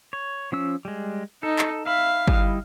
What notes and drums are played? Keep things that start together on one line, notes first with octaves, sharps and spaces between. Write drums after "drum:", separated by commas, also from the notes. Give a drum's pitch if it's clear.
C#5
F3 C#4 E6
G3 G#3
D#4 A4
drum: clap
E5 F5 B5
G3 E4 D#5, drum: kick G1